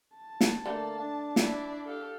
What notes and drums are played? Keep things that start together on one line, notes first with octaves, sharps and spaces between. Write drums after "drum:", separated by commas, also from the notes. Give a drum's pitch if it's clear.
A5
drum: snare
D3 A3 A#3
D4
E4 D5, drum: snare
G4 A4 F5